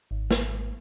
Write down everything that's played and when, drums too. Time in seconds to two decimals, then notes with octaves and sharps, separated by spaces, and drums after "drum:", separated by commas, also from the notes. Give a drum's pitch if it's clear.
0.11 G#1
0.31 drum: snare